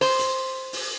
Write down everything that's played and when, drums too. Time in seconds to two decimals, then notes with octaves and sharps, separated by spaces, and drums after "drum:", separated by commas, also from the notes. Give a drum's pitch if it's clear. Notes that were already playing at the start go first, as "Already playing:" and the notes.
0.01 C5, drum: open hi-hat
0.19 drum: hi-hat
0.73 drum: open hi-hat